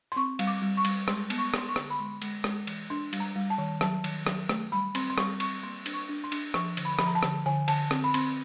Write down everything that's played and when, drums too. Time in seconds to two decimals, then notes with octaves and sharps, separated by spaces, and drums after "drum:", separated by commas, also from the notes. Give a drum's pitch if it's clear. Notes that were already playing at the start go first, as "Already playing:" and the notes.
0.12 C6
0.16 C4 C#6
0.39 G3, drum: cymbal
0.47 D6
0.62 G3
0.77 C#6
0.85 G3, drum: cymbal
1.08 G#3 C6, drum: rim click
1.30 B3, drum: cymbal
1.38 C#6
1.54 B3 C6, drum: rim click
1.69 C#6
1.76 D3, drum: rim click
1.90 B5
1.98 G#3 C6
2.22 G#3, drum: cymbal
2.44 G#3, drum: rim click
2.67 E3, drum: cymbal
2.90 D4 C6
3.13 G3, drum: cymbal
3.20 A#5
3.36 G3
3.50 A5
3.58 D#3
3.81 F#3 A5, drum: rim click
4.04 D#3, drum: cymbal
4.27 F#3, drum: rim click
4.49 A3, drum: rim click
4.72 G3 B5
4.95 C4 C6, drum: cymbal
5.10 C6
5.18 G3 C#6, drum: rim click
5.40 C4 C#6, drum: cymbal
5.63 A#3 C6
5.86 D4, drum: cymbal
5.94 C#6
6.09 D4
6.24 C6
6.32 D4, drum: cymbal
6.54 F3 C#6, drum: rim click
6.77 D3, drum: cymbal
6.85 B5
6.99 F3 B5, drum: rim click
7.07 A#5
7.15 A5
7.23 D3, drum: rim click
7.46 D3 G#5
7.68 D3 A5, drum: cymbal
7.91 C4, drum: rim click
8.04 B5
8.14 C4 C6, drum: cymbal